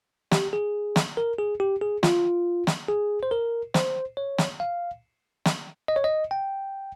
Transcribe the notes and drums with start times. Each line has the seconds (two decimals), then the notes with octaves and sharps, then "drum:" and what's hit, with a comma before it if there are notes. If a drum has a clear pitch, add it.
0.31 G4, drum: snare
0.53 G#4
0.96 drum: snare
1.17 A#4
1.39 G#4
1.60 G4
1.81 G#4
2.03 F4, drum: snare
2.67 drum: snare
2.88 G#4
3.23 C5
3.31 A#4
3.74 C5, drum: snare
4.17 C#5
4.38 drum: snare
4.60 F5
5.45 drum: snare
5.88 D#5
5.96 C#5
6.04 D#5
6.31 G5